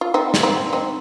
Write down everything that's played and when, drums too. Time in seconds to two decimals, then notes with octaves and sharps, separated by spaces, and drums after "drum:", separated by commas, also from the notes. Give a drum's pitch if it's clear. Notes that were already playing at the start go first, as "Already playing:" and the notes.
0.01 F4
0.14 C4 D#4
0.34 drum: snare
0.43 C4 D#4
0.73 C4 D#4